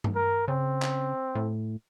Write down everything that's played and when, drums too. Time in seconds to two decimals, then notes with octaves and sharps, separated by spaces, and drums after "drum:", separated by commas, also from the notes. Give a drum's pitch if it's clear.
0.04 drum: tom G2
0.15 A#4
0.48 C#3 C4
0.82 drum: clap
1.35 A2